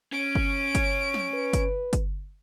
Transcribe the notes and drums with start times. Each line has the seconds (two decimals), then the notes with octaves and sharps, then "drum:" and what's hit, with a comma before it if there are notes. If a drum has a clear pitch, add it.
0.13 C#4 D7
0.35 drum: kick G1
0.75 drum: kick G1, hi-hat
1.14 drum: snare
1.34 B4
1.53 drum: kick G1, hi-hat
1.93 drum: kick G1, hi-hat